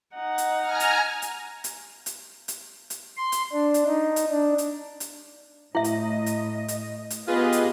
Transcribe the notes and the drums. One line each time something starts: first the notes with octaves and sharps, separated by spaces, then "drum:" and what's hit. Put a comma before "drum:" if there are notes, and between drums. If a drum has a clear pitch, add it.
D#4 F#5
drum: hi-hat
G#5 A#5 F6
drum: hi-hat
drum: hi-hat
drum: hi-hat
drum: hi-hat
drum: hi-hat
drum: hi-hat
C6
drum: hi-hat
D4
drum: hi-hat
D#4
drum: hi-hat
D4
drum: hi-hat
drum: hi-hat
A2 E4 D#5 E5
drum: hi-hat
drum: hi-hat
drum: hi-hat
drum: hi-hat
B3 F4 G4 G#4 B4 D#5
drum: hi-hat